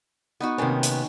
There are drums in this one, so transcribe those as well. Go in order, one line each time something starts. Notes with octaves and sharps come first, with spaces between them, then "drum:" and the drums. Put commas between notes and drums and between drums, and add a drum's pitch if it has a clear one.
B3 D#4 F#4
C3 D#3 A#3 B3 C#4
drum: hi-hat